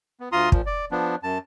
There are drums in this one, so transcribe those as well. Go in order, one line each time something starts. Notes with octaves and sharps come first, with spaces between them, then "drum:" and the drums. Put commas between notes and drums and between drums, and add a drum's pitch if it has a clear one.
B3
D2 F4 A#5 C6 D#6
A#2 F3, drum: kick
D5
F3 B3 D4
F#2 A5